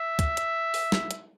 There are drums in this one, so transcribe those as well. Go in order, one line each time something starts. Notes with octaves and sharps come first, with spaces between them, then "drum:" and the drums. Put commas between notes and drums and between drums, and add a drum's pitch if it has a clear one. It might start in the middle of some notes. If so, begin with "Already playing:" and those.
Already playing: E5
drum: kick, hi-hat
drum: hi-hat
drum: open hi-hat
drum: snare
drum: hi-hat